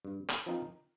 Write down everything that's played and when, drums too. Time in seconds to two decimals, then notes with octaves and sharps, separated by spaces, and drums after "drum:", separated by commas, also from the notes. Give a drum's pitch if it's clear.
0.05 G2
0.29 drum: clap
0.46 F3 C4 D#4 A#4